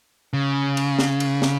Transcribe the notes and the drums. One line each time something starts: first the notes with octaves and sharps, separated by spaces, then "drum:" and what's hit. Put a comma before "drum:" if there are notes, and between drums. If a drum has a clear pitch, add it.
C#3
drum: cymbal
drum: snare
drum: cymbal
drum: snare